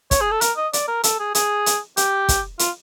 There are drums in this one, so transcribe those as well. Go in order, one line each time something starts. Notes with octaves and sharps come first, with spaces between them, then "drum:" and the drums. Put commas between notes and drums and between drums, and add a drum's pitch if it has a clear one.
C#5, drum: kick, hi-hat
G#4
A4
A#4, drum: hi-hat
D#5
D5, drum: hi-hat
A#4
A4, drum: hi-hat
G#4
G#4, drum: hi-hat
drum: hi-hat
G4, drum: hi-hat
drum: kick, hi-hat
F4, drum: hi-hat